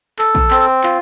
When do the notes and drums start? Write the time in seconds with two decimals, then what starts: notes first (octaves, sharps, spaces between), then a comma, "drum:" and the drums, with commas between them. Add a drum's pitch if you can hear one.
0.19 A4, drum: clap
0.35 drum: kick A#1, tambourine
0.51 C4, drum: clap
0.67 drum: tambourine
0.84 F4, drum: clap